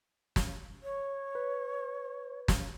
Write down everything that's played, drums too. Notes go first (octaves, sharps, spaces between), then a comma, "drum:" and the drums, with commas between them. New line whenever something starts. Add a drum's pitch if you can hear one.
drum: snare
C#5
B4
drum: snare